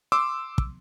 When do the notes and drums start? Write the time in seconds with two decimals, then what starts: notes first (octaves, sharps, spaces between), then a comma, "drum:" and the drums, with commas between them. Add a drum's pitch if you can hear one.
0.12 C6 D6 E6
0.58 drum: kick